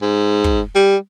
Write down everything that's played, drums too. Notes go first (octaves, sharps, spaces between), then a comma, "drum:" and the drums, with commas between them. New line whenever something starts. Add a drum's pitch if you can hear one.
G#2
drum: kick
G3